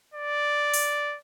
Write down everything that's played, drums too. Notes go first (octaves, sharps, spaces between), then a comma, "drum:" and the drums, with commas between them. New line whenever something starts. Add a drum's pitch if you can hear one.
D5
drum: open hi-hat